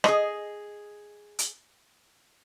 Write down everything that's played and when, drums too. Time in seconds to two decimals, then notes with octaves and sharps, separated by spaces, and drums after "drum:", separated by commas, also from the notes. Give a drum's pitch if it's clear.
0.04 G#4 D#5, drum: rim click
1.39 drum: hi-hat